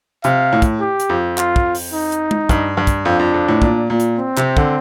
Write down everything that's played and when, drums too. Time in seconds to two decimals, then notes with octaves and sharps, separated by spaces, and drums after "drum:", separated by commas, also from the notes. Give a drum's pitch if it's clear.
0.24 C3 F5, drum: hi-hat
0.53 A2
0.62 drum: kick, hi-hat
0.80 G4
1.00 drum: hi-hat
1.10 F2
1.38 F4, drum: clap
1.56 drum: kick
1.75 drum: open hi-hat
1.93 D#4
2.12 drum: hi-hat
2.31 drum: tom
2.49 G2, drum: kick, hi-hat
2.77 G2
2.87 drum: kick, hi-hat
3.05 F2 D4
3.19 F2
3.34 F2
3.48 A2
3.62 A#2, drum: kick
3.90 A#2
4.00 drum: hi-hat
4.18 C4
4.37 C3, drum: clap
4.57 D3, drum: kick